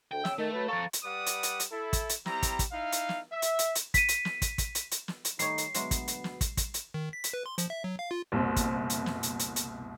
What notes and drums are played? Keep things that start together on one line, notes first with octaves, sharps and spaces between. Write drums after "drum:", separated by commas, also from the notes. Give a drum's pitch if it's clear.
D2 G5
C#3 E6, drum: snare
D#3 A3
F#3 B4
F3 A4 F5 A#5 C#6
drum: hi-hat
G3 B4 D5 F#5 D#6
drum: hi-hat
drum: hi-hat
drum: hi-hat
E4 A4
drum: kick, hi-hat
drum: hi-hat
G3 C4 E4 A#5, drum: snare
drum: kick, hi-hat
drum: kick, hi-hat
D#4 E4 F5
drum: hi-hat
drum: snare
E5
drum: hi-hat
drum: hi-hat
drum: hi-hat
B6 D#7, drum: kick, hi-hat
drum: hi-hat
drum: snare
drum: kick, hi-hat
drum: kick, hi-hat
drum: hi-hat
drum: hi-hat
drum: snare
drum: hi-hat
D#3 G3 A3 D#4 C#5 C7, drum: hi-hat
drum: hi-hat
D2 B2 F#3 G#3 B3 E5, drum: hi-hat
drum: kick, hi-hat
drum: hi-hat
drum: snare
drum: kick, hi-hat
drum: kick, hi-hat
drum: hi-hat
D#3
B6
drum: hi-hat
B4
C6
F3, drum: hi-hat
E5
F#3
F5
F4
F#1 C2 B2 C4
drum: kick, hi-hat
drum: hi-hat
drum: snare
drum: hi-hat
drum: hi-hat
drum: hi-hat